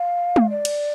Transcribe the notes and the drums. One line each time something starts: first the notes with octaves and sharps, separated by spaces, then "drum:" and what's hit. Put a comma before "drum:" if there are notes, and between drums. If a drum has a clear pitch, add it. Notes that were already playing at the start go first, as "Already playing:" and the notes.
Already playing: F5
drum: tom G#3
D5
drum: cymbal